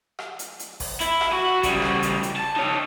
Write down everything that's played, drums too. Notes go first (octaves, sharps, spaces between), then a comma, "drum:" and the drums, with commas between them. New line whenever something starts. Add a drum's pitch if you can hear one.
drum: rim click
drum: hi-hat
drum: hi-hat
drum: kick G#1, open hi-hat
E4, drum: hi-hat
drum: rim click
F#4
C#3 G3, drum: kick G#1, hi-hat
drum: rim click
drum: hi-hat
drum: hi-hat
A5
D#4 C#5